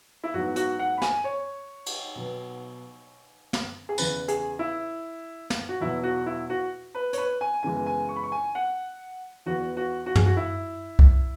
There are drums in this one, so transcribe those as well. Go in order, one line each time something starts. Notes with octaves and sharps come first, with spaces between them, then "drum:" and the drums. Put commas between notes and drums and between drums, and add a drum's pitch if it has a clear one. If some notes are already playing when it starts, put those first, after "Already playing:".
E4
G#2 F#3 B3 F#4
F#4, drum: hi-hat
F#5
B5
G#5, drum: snare
C#5
drum: cymbal
B2 F#3 B3
drum: snare
G#4
E2 C#3 E3 B4, drum: tambourine
G#4, drum: hi-hat
E4
drum: snare
F#4
E2 B2 F#3 B3 E4
F#4
E4
F#4
B4
C#5, drum: hi-hat
B4
G#5
F#2 C#3 E3 G#3 B3 G#5
G#5
C#6
B5
C#6
G#5
F#5
E2 E3 B3 F#4
F#4
F#4
G#4, drum: tom G2
F#4
E4
drum: kick C2